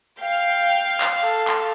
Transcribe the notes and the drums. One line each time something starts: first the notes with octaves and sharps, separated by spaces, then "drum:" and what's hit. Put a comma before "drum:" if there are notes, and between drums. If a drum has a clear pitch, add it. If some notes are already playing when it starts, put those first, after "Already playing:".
F5 G5
drum: clap
A4
drum: clap